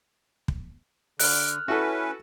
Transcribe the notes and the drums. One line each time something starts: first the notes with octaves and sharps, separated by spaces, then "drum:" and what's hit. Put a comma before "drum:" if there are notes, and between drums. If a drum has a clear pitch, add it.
drum: kick
D3 F6 F#6, drum: open hi-hat
C#4 E4 F#4 A4 B4